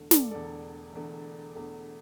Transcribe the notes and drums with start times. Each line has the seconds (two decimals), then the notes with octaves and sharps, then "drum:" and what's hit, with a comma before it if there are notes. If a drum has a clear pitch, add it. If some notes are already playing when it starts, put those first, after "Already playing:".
Already playing: E1 E2 D3 A3
0.11 A4 D5, drum: snare
0.31 E1 E2 D3 A3 A4 D5
0.93 E1 E2 D3 A3
1.55 E1 E2 D3 A3